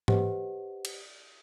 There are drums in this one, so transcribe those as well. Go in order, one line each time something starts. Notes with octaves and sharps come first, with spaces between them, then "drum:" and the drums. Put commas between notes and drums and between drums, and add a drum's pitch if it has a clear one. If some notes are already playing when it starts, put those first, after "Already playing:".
G4 B4 C5 D#5 F#5, drum: tom G#2
drum: cymbal